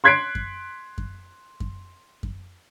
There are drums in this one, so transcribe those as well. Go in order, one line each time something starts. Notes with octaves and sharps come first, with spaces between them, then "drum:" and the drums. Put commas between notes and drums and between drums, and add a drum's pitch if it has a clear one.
C6 F#6 G#6 B6 C7 D7
drum: kick F#2
drum: kick F#2
drum: kick F#2
drum: kick F#2